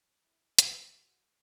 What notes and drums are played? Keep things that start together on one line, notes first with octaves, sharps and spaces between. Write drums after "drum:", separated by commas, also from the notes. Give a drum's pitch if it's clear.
E4
F#4, drum: hi-hat
F#4